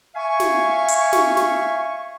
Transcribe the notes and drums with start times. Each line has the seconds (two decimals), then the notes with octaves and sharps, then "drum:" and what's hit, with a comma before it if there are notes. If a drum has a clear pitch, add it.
0.15 E5 F5 G#5 C#6
0.40 drum: snare
0.88 drum: hi-hat
1.13 drum: snare
1.37 drum: snare